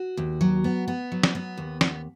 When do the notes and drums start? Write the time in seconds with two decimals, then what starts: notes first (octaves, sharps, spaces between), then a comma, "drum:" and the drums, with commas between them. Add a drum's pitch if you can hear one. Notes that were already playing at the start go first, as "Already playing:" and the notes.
Already playing: F#4
0.17 D#2
0.41 F#3
0.64 B3
0.88 B3
1.12 F#3
1.23 drum: snare
1.35 B3
1.58 D#2
1.81 B3, drum: snare